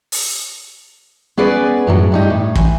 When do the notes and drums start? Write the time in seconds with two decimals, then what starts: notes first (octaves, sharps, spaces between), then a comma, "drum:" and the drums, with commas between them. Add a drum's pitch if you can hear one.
0.12 drum: open hi-hat
1.37 B3 C#4 G#4 B4 D5
1.87 F#2 A2 F#3
2.12 G2 G3 D#4
2.30 A2
2.55 E3, drum: kick